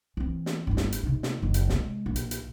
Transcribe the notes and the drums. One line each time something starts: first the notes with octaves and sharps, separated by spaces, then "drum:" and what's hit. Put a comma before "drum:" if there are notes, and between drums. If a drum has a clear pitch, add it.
E3 C4
drum: snare
G1 E4
drum: snare
drum: hi-hat
C3 D#4
drum: snare
F#1 D#3
drum: hi-hat
C3 G#3, drum: snare
A#1
drum: hi-hat
drum: hi-hat